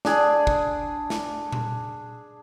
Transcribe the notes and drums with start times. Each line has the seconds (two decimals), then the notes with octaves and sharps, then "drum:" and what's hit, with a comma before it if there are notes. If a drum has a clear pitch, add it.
0.05 D4 G#4, drum: snare
0.47 drum: kick
1.10 drum: snare
1.52 drum: tom A#2